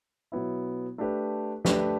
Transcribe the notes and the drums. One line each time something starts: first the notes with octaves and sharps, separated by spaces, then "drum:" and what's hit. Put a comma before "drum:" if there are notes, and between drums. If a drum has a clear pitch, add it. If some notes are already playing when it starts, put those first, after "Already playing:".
B2 F#3 B3 E4
A3 D4 G4 B4
A3 D4 G4 B4, drum: snare